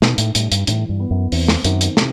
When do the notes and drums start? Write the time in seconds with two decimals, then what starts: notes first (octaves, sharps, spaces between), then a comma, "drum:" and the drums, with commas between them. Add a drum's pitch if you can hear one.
0.02 B2 D#4, drum: snare
0.18 A2, drum: hi-hat
0.35 A2 G3, drum: hi-hat
0.52 G2, drum: hi-hat
0.67 A2 E3, drum: hi-hat
0.89 G2
1.00 B3
1.11 F#2
1.32 E2 C4, drum: open hi-hat
1.48 drum: snare
1.64 F#2 D#3, drum: hi-hat
1.81 drum: hi-hat
1.97 C3, drum: snare